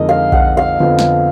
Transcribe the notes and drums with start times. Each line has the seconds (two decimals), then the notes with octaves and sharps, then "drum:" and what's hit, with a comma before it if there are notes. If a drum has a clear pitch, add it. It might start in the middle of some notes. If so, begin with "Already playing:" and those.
Already playing: F2 D3 G#3 D#4 A#4 D#5
0.09 F5
0.32 F#5, drum: kick B1
0.57 F5
0.80 F2 D3 F3 B3
0.99 drum: snare